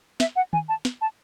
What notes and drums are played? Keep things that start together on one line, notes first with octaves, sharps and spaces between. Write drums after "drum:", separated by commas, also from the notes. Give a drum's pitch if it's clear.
E5, drum: snare
F#5
G#5, drum: tom
A5
drum: snare
A5